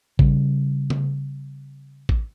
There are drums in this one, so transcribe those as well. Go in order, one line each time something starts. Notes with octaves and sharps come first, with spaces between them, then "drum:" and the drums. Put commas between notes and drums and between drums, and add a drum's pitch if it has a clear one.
C#3 G3, drum: kick A1
drum: tom C#3
drum: kick A1